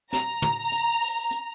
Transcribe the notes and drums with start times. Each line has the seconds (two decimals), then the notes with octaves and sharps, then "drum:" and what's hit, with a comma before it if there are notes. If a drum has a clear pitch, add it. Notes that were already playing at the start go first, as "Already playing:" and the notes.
0.13 A#5, drum: snare
0.42 drum: tom
0.72 drum: hi-hat
1.01 drum: open hi-hat
1.31 drum: hi-hat